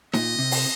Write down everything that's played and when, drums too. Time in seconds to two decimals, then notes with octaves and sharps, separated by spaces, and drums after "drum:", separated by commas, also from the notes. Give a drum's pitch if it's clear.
0.13 A#2 D#5, drum: snare D#4
0.38 C3
0.51 drum: open hi-hat